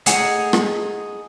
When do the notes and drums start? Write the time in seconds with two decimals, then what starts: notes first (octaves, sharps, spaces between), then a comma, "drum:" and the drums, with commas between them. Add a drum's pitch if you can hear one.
0.06 A3 D#4 G#4 F#5, drum: hi-hat
0.53 drum: rim click